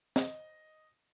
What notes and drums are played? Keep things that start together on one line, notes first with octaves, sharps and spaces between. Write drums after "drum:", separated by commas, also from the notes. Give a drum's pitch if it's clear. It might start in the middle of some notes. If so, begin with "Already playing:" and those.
D#5, drum: snare